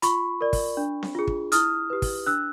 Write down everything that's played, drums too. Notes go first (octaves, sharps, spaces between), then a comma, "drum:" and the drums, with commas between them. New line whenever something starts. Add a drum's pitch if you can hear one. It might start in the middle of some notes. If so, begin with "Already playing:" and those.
F4 B5 C#6, drum: hi-hat
A#4 D5
drum: kick, open hi-hat
D4
drum: snare C4
F4 G#4
drum: kick
E4 D#6 F6, drum: hi-hat
G4 B4
drum: kick, open hi-hat
D4 E6 F#6